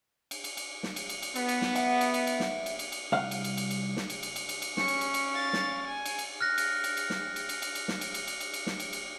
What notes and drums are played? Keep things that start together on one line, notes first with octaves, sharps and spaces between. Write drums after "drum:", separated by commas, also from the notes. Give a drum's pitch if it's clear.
drum: cymbal
drum: cymbal
drum: cymbal
drum: snare
drum: cymbal
drum: cymbal
drum: cymbal
B3, drum: cymbal
drum: cymbal
drum: snare
E5 F#5, drum: cymbal
drum: cymbal
drum: cymbal
drum: cymbal
drum: snare
drum: cymbal
drum: cymbal
drum: cymbal
C2 F5 F#5
drum: cymbal
drum: cymbal
drum: cymbal
drum: cymbal
drum: snare
drum: cymbal
drum: cymbal
drum: cymbal
drum: cymbal
drum: cymbal
C#4 C#7, drum: snare
drum: cymbal
drum: cymbal
drum: cymbal
F5 A6
drum: snare
G#5
drum: cymbal
drum: cymbal
F6 F#6 A#6
drum: cymbal
drum: cymbal
drum: cymbal
drum: snare
drum: cymbal
drum: cymbal
drum: cymbal
drum: cymbal
drum: snare
drum: cymbal
drum: cymbal
drum: cymbal
drum: cymbal
drum: cymbal
drum: snare
drum: cymbal
drum: cymbal